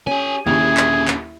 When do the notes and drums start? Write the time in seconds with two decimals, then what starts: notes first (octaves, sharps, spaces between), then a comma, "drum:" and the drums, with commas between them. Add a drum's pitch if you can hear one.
0.07 C#4 G4 G#5
0.47 D#1 D#2 D3 C#4 E4 G#4
0.77 drum: clap
1.08 drum: clap